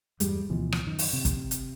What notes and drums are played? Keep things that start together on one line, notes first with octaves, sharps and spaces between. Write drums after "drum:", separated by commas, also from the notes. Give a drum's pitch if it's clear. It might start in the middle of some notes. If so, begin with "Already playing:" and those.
E2 G2 G3 G#3, drum: hi-hat
D2 B2 E3 F3
drum: rim click
F#2 D#3
drum: open hi-hat
C3
drum: kick, hi-hat
drum: hi-hat